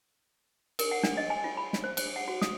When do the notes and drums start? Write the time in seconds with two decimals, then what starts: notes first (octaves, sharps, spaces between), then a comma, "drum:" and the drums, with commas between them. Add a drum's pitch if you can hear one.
0.79 A#4, drum: cymbal
0.91 F#5
1.03 D4, drum: snare
1.17 D#5
1.30 G#5
1.44 F4
1.57 B5
1.73 drum: snare
1.84 C5
1.97 C5, drum: cymbal
2.16 F#5
2.28 F#4
2.42 D#6, drum: snare